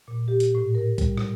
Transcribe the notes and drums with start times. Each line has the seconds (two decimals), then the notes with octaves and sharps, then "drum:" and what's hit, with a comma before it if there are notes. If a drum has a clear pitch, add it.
0.08 A#2
0.28 G4
0.40 drum: hi-hat
0.55 A2
0.75 A#4
0.98 G3, drum: kick B1, hi-hat
1.17 drum: rim click